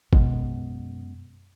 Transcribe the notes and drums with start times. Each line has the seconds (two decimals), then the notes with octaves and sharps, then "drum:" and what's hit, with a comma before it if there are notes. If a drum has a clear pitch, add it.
0.13 F#2 B2 G#3 B3, drum: kick G#1